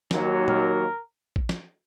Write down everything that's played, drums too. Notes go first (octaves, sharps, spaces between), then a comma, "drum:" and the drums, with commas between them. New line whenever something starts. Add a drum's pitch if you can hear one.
D#2 D#3 F#3 A#3, drum: snare
A#4, drum: tom A#2
drum: kick A1
drum: snare